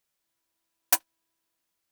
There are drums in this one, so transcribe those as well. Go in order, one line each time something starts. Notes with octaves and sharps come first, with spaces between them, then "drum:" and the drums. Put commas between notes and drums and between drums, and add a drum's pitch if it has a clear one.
E4
drum: hi-hat